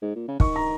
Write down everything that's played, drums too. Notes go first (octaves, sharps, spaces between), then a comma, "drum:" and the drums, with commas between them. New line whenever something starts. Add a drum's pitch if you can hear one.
G#2
A#2
C#3
D#3 C#6, drum: kick
A#5